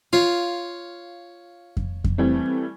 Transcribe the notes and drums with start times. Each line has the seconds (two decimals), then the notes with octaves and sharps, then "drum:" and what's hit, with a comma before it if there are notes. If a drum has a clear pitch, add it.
0.13 F4 C#5 F5
1.77 drum: kick F2
2.04 drum: kick F2
2.18 E3 G3 A3 C4